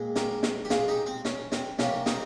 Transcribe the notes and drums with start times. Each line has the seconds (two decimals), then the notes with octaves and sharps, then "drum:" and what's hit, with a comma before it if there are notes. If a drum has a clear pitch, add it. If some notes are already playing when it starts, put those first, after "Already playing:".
Already playing: A#2 G#3 C4
0.16 G4 A#4, drum: snare
0.43 drum: snare
0.65 G4
0.70 F4 G#4, drum: snare
0.88 D#4 G4
1.06 C4
1.25 C#4, drum: snare
1.52 C4, drum: snare
1.79 C3 G3 A#3 C#4, drum: snare
2.06 C4 D#4, drum: snare